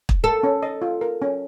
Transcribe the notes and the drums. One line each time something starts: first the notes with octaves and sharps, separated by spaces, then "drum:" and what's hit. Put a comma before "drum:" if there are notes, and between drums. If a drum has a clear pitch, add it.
drum: kick
A4 A#4
C#4
D#5
F4
A#4
C#4